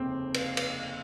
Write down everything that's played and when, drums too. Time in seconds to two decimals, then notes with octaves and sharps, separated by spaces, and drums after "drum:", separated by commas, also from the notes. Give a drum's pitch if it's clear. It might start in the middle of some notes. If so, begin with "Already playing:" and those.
Already playing: F1 D#2 C#3 C4
0.34 drum: cymbal
0.57 drum: cymbal